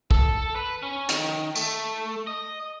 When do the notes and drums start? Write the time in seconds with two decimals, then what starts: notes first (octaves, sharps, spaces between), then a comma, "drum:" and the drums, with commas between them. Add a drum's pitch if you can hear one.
0.11 A4, drum: kick
0.56 B4
0.83 C#4
1.09 D#3, drum: hi-hat
1.56 A3, drum: tambourine
2.27 D#5